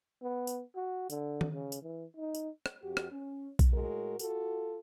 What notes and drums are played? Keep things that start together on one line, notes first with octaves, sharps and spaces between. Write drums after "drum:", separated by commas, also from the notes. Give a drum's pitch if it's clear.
B3
drum: tambourine
F#4
D3, drum: tambourine
drum: tom D#3
C#3
drum: tambourine
E3
D#4
drum: tambourine
drum: rim click
F2 F#4 G4
drum: rim click
C#4
drum: kick B1, tambourine
A2 G#3 F#4 A#4
F4 F#4 A4, drum: tambourine